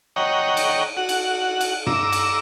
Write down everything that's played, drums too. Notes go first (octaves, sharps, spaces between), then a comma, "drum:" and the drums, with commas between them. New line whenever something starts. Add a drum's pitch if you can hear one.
C#5 D#5 F#5 G5 A#5
drum: cymbal
F#4 F#5
drum: cymbal
drum: cymbal
A#5 D6 E6, drum: tom G2
drum: cymbal